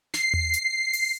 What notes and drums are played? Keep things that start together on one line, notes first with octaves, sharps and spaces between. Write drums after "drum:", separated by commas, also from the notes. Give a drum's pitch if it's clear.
C7, drum: snare
drum: tom E2
drum: hi-hat
drum: open hi-hat